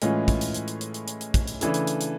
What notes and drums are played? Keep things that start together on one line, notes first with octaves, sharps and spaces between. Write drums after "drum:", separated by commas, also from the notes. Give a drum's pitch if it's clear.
A2 E3 G#3 C#4 F4, drum: hi-hat
drum: kick, hi-hat
drum: hi-hat
drum: hi-hat
drum: hi-hat
drum: hi-hat
drum: hi-hat
drum: hi-hat
drum: hi-hat
drum: kick, hi-hat
drum: hi-hat
C#3 E3 A3 D4, drum: hi-hat
drum: hi-hat
drum: hi-hat
drum: hi-hat